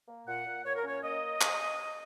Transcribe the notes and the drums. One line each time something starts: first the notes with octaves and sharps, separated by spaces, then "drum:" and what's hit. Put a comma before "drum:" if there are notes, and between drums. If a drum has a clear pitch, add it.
A#3
A#2 F#5
A#2
A#2 C#5
A#4
C#4 C#5
A#3 D#5
drum: clap